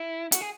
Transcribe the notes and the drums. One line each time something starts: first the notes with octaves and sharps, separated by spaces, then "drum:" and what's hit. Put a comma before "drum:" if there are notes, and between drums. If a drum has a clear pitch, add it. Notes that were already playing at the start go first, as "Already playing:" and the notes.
Already playing: E4
F#4, drum: hi-hat
G#4